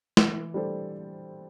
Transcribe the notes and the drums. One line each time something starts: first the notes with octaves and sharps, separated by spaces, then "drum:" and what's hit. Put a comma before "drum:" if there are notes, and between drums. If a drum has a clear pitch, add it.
E3, drum: snare
G3 D4 A4 C5